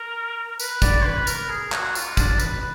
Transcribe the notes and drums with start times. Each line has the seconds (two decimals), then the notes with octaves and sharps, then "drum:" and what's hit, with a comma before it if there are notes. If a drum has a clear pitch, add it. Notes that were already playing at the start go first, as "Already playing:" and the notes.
Already playing: A#4
0.60 B4, drum: tambourine
0.82 D5, drum: kick, tambourine
1.05 B4
1.27 A#4, drum: tambourine
1.49 G#4
1.72 F#4, drum: clap
1.95 F4, drum: tambourine
2.17 D4, drum: kick, tambourine
2.40 B4, drum: tambourine